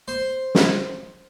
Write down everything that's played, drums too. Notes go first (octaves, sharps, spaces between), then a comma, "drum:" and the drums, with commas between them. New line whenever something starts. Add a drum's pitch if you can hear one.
C5
drum: snare